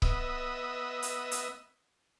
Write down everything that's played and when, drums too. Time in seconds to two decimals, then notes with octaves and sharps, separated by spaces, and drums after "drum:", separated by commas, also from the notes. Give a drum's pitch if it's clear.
0.02 B3 D#5 E5, drum: kick C#1
1.02 drum: hi-hat
1.31 drum: hi-hat